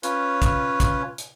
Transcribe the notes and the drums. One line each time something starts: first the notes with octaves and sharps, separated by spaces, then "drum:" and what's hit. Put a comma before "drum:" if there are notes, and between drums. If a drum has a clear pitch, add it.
C#4 F4 B4 C#5, drum: hi-hat
drum: kick, hi-hat
drum: kick, hi-hat
drum: hi-hat